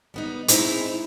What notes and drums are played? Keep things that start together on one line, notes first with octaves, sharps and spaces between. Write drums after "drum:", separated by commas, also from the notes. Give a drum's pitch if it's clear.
G3 B3 D#4
G#3 C4 D#4 E4, drum: hi-hat